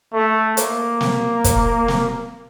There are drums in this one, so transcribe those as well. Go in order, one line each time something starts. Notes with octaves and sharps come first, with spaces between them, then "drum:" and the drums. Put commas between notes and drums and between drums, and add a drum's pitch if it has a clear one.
A3
A#3, drum: hi-hat
drum: snare
drum: kick, hi-hat
drum: snare